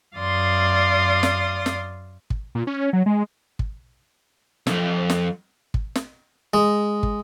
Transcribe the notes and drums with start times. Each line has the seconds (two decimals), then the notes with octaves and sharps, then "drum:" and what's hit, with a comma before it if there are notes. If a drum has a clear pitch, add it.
0.16 F#2 D5 F5 C6 D#6
1.23 drum: snare
1.66 drum: snare
2.30 drum: kick
2.55 A#2
2.67 C#4
2.93 F#3
3.06 G#3
3.59 drum: kick
4.67 B1 F2, drum: snare
5.10 drum: snare
5.74 drum: kick
5.95 drum: snare
6.54 G#3
7.03 drum: kick